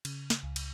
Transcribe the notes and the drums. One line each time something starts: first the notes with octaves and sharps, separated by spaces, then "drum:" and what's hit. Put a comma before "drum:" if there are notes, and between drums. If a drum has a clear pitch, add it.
C#3, drum: cymbal
drum: snare
C#2
drum: cymbal